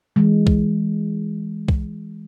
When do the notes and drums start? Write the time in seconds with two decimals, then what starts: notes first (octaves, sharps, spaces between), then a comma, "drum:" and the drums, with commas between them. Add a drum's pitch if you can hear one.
0.16 E3 G#3
0.47 drum: kick
1.68 drum: kick